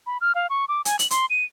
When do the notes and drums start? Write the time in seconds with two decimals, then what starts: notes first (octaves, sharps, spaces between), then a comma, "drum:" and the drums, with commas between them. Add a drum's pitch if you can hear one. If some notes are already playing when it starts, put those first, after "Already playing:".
0.06 B5
0.21 F6
0.35 F5
0.50 C#6
0.68 D6
0.85 G#5, drum: hi-hat
0.99 F#7, drum: hi-hat
1.10 C6, drum: hi-hat
1.30 D#7